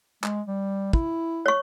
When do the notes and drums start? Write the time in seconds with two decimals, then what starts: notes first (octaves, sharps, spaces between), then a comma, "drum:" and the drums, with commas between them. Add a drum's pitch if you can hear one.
0.24 G#3, drum: clap
0.47 G3
0.93 E4, drum: kick
1.46 C#5 C#6